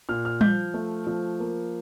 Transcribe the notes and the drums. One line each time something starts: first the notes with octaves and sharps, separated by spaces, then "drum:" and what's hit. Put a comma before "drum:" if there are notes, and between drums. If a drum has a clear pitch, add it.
A#2 F6
F6
F3 G6, drum: tom G3
A3
F3
A#3